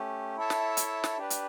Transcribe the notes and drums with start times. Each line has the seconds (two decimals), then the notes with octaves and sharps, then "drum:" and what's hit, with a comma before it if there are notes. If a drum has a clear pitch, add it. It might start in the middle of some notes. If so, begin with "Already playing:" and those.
Already playing: A3 C#4 G4
0.37 E4 A4 C#5 E5 A5
0.50 drum: snare
0.77 drum: hi-hat
1.04 drum: snare
1.17 D4 G4 B4
1.30 drum: hi-hat